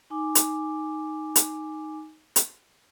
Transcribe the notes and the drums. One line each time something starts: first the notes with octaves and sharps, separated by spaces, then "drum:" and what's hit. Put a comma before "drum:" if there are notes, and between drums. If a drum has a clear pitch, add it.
D#4 G#5 D6
drum: hi-hat
drum: hi-hat
drum: hi-hat